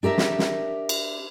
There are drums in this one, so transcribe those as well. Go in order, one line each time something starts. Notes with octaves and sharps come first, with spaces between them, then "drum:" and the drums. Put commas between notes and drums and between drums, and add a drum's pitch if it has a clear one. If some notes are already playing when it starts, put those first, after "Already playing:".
D4 G4 A#4 E5
drum: snare
drum: snare
drum: cymbal